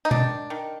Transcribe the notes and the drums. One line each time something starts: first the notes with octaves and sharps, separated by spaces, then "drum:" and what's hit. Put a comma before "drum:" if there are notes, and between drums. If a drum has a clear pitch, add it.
D#4
D#3 D4, drum: tom B2
D#3